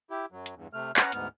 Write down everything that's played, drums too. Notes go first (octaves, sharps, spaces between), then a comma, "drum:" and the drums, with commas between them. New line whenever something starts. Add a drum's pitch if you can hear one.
E4 G4
F#2 F#3
drum: hi-hat
E2 G2
C3 A3 F6
C#4 B4 F#5 A#5, drum: clap
D2 G#2 B3 F6, drum: hi-hat